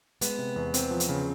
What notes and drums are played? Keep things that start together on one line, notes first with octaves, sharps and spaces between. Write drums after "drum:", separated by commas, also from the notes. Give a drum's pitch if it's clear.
G#3 B3, drum: hi-hat
C3
E2
C4, drum: hi-hat
F3
drum: hi-hat
C#3